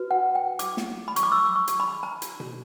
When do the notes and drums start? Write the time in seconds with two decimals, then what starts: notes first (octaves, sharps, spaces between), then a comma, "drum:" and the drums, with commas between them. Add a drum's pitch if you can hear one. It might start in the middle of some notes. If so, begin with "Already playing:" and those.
Already playing: F#4 B4
0.11 F#5
0.35 G5
0.59 D6, drum: hi-hat
0.77 drum: snare
1.08 B5
1.16 C#6, drum: hi-hat
1.23 D6
1.32 E6
1.46 D6
1.56 C#6
1.68 drum: hi-hat
1.80 B5
2.03 A#5
2.22 drum: hi-hat
2.40 drum: tom B2